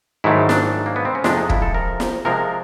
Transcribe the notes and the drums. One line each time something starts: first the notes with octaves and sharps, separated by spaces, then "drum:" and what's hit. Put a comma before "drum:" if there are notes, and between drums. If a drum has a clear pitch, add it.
G#2 D#3 F#3 A3 E4
D4, drum: snare
A#3
B3
C4
C#4
F2 C3 F3 G#3 D4, drum: snare
D#4
E4, drum: kick
A4
A#4
drum: snare
C3 F3 G#3 A#4